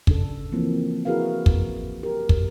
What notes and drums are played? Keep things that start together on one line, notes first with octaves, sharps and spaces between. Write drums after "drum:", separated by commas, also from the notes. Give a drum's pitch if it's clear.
C#3 D4 A4, drum: kick
E3 F3 A#3 C4
E4 F#4 G#4 A#4 B4 F5
drum: kick
G4 A#4
drum: kick